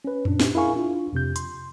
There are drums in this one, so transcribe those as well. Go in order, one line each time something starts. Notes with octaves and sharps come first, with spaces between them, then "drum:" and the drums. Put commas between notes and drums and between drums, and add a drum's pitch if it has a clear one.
C#4 B4
A#2 D4, drum: tom F2
drum: snare
E4 G#4 A#4 F5 G#5 C#6
D4 F4
F2 C3 G6
C6, drum: hi-hat